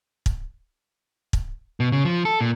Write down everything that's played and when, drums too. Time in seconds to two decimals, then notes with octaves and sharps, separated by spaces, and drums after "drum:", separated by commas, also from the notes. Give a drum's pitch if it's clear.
0.26 drum: kick
1.33 drum: kick
1.80 B2
1.92 C#3
2.05 F3
2.25 A4
2.41 A#2